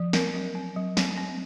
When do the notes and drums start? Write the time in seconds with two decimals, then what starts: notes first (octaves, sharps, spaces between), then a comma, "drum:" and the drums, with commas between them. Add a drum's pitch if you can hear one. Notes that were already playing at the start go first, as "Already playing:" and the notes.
Already playing: F3
0.13 C4 A#4, drum: snare
0.34 F#3
0.55 C4
0.76 F#3
0.97 C4, drum: snare
1.18 C4